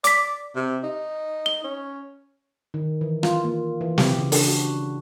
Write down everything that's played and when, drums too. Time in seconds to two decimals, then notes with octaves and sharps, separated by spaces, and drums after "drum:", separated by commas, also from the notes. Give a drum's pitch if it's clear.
0.04 D5 D6 B6, drum: hi-hat
0.56 C3
0.83 D#4
1.46 G7
1.64 C#4
2.74 D#3
3.01 E3
3.23 F4, drum: rim click
3.44 A#3
3.81 E3
3.98 G4, drum: snare
4.18 C#3
4.32 D4, drum: open hi-hat
4.48 F#4